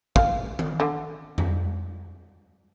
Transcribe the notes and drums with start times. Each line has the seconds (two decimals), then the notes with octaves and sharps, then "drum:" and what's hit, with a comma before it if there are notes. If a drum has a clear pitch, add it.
0.16 F5, drum: kick
0.59 drum: tom D#3
0.80 D3
1.38 drum: tom F2